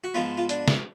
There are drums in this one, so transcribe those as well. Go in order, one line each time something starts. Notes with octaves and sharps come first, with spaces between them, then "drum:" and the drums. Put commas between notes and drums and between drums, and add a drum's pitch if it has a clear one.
F#4
G#2 F3 B3 F4
F4
D4, drum: hi-hat
drum: snare